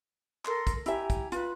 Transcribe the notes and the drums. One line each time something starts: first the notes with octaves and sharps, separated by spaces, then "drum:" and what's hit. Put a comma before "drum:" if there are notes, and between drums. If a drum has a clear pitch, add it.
A4 A#4 C6, drum: clap
drum: kick, hi-hat
E4 G4 E5 G#5 A#5, drum: hi-hat
drum: kick, hi-hat
F4 B4, drum: hi-hat